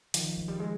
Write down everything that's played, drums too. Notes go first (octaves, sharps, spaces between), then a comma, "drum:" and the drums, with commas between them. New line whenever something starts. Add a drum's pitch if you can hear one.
D#3 F3, drum: hi-hat
F#3
G3
G#3